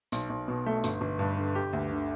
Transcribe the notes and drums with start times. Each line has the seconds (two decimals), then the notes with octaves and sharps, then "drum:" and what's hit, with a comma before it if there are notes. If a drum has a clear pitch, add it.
0.12 B1, drum: tambourine
0.30 B1
0.48 B2
0.66 A3
0.84 G1, drum: tambourine
1.01 G1
1.19 G2
1.37 D3
1.55 G4
1.73 D2
1.91 D3